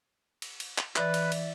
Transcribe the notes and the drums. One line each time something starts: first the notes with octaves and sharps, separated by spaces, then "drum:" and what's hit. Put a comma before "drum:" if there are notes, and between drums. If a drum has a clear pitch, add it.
drum: cymbal
drum: cymbal
drum: clap
E3 B4 D5 E5, drum: clap
drum: cymbal
drum: cymbal